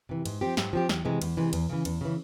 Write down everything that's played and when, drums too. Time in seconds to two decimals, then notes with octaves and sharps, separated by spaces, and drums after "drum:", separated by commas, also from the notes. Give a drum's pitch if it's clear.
0.09 C3 E3
0.26 G#2, drum: cymbal
0.41 F3 C4 G4
0.57 G#2, drum: snare
0.73 F3 C4 G4
0.89 E2, drum: snare
1.05 C3 E3 G#3
1.22 E2, drum: cymbal
1.37 C3 E3 G#3
1.53 E2, drum: cymbal
1.69 C#3 E3
1.85 E2, drum: cymbal
2.01 C#3 E3